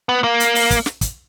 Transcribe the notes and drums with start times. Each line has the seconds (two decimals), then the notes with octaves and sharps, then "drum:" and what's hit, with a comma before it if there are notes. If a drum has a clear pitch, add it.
0.09 B3
0.24 A#3
0.40 drum: hi-hat
0.55 drum: open hi-hat
0.71 drum: kick, hi-hat
0.86 drum: snare
1.01 drum: kick, hi-hat